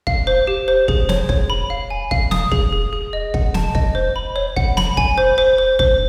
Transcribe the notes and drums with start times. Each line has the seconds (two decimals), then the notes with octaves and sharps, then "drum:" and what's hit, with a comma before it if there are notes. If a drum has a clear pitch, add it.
0.07 F5, drum: kick
0.27 C5
0.47 G4
0.68 C5
0.88 G#4, drum: kick
1.09 C#5, drum: snare
1.29 C#5, drum: kick
1.50 B5
1.70 F5
1.90 G#5
2.11 F5, drum: kick
2.31 D#6, drum: snare
2.52 G#4, drum: kick
2.73 G#4
2.93 G#4
3.13 D#5
3.34 F#5, drum: kick
3.54 A5, drum: snare
3.75 D#5, drum: kick
3.95 C5
4.16 B5
4.36 C#5
4.56 F#5, drum: kick
4.77 B5, drum: snare
4.97 G#5, drum: kick
5.18 C5
5.38 C5
5.58 C5
5.79 C5, drum: kick